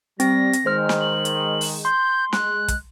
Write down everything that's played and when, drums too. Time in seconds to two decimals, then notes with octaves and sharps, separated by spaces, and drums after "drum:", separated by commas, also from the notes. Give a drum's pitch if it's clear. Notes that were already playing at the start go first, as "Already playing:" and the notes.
0.20 G3 C4 A#6, drum: hi-hat
0.53 drum: hi-hat
0.66 D#3 G#3 C5 F6
0.89 drum: snare
1.01 F#7
1.25 drum: hi-hat
1.61 drum: open hi-hat
1.85 C6 G6
2.33 G#3 F#6, drum: snare
2.68 drum: kick, hi-hat